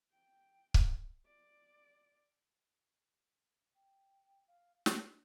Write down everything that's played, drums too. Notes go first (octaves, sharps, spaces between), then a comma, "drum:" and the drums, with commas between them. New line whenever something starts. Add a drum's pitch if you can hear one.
G5
drum: kick C#1
D5
G5
F5
G#5, drum: snare
D4